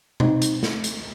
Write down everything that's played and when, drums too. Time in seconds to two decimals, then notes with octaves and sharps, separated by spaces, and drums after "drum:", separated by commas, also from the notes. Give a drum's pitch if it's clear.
0.20 C4 D#4, drum: tom B2
0.42 drum: hi-hat
0.63 drum: snare
0.84 drum: hi-hat